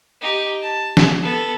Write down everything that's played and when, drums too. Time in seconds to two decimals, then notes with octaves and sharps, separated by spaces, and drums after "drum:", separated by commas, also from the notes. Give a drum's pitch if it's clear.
0.21 D#4 G4
0.62 A5
0.97 drum: snare
1.22 B3 A4